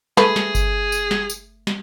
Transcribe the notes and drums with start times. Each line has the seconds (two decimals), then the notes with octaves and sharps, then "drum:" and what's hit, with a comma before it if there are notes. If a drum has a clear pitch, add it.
0.17 A3 G#4 B4, drum: snare
0.36 drum: snare
0.55 drum: kick G1, tambourine
0.92 drum: tambourine
1.11 drum: snare
1.30 drum: tambourine
1.67 drum: snare